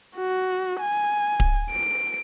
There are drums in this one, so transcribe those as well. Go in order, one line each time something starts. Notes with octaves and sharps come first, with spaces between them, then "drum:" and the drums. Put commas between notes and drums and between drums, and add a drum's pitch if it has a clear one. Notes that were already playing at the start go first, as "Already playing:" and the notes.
F#4
G#5
drum: kick D1
D7